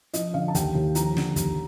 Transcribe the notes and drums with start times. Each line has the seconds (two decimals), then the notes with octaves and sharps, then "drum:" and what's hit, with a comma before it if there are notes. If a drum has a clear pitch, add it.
0.14 F3 D#5, drum: hi-hat
0.34 D3 F5
0.48 A5
0.55 D#2 G5, drum: kick, hi-hat
0.75 D#2
0.95 F3 A#5, drum: hi-hat
1.17 D3, drum: snare
1.36 D#2, drum: kick, hi-hat